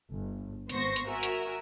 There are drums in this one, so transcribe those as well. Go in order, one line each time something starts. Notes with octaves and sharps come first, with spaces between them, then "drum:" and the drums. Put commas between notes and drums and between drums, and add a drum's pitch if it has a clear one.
G1
G#1 B3 C5 C6 C#6 A#6, drum: hi-hat
drum: hi-hat
F#4 A#4 E5 G#5
drum: hi-hat